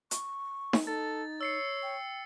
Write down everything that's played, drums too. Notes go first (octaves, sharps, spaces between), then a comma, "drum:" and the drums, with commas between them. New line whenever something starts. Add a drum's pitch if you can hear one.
C#6, drum: hi-hat
drum: snare D#4
D#4 A4 A6
C#5 E6 C7 C#7
G5